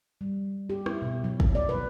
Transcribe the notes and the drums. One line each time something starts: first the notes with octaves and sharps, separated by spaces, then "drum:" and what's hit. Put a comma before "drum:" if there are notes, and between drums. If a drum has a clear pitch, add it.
G3
G4
E4, drum: rim click
B2
F#3
drum: kick
D5
B4